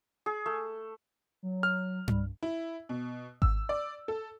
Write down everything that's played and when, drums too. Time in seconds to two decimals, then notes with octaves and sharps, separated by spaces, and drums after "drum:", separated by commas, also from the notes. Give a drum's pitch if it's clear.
0.26 G#4
0.46 A3
1.43 F#3
1.63 F6
2.08 G3, drum: tom G2
2.43 E4
2.89 B2
3.42 E6, drum: kick G#1
3.69 D5
4.08 A4